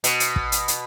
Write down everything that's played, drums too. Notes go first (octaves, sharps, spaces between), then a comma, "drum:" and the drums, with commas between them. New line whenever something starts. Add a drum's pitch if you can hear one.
B2, drum: hi-hat
drum: hi-hat
drum: kick
drum: hi-hat
drum: hi-hat